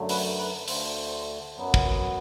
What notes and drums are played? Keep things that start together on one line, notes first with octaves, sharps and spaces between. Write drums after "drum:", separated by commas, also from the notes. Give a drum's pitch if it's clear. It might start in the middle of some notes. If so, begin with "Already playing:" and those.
Already playing: F#2 D3 F#3 A3
B4, drum: open hi-hat
B4
D2 D3 A3 C5, drum: open hi-hat
F#2 F#3 B3
drum: kick